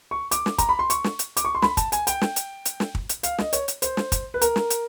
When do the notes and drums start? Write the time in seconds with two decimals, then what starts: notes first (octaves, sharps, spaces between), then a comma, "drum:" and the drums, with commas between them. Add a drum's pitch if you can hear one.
0.11 C#6
0.31 D6, drum: hi-hat
0.46 drum: snare
0.58 A#5, drum: kick, hi-hat
0.69 B5
0.79 C6
0.90 C#6, drum: hi-hat
1.04 drum: snare
1.19 drum: hi-hat
1.37 D6, drum: hi-hat
1.45 C#6
1.55 C6
1.62 B5, drum: snare
1.77 A5, drum: kick, hi-hat
1.92 G#5, drum: hi-hat
2.07 G5, drum: hi-hat
2.21 drum: snare
2.36 drum: hi-hat
2.65 drum: hi-hat
2.80 drum: snare
2.95 drum: kick
3.09 drum: hi-hat
3.23 F5, drum: hi-hat
3.38 D#5, drum: snare
3.53 C#5, drum: hi-hat
3.68 drum: hi-hat
3.82 C5, drum: hi-hat
3.97 drum: snare
4.12 drum: kick, hi-hat
4.34 B4
4.41 A#4, drum: hi-hat
4.56 drum: snare
4.70 drum: hi-hat